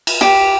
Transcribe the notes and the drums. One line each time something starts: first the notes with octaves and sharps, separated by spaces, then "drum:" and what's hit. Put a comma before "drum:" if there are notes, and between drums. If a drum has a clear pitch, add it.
drum: cymbal
G4, drum: snare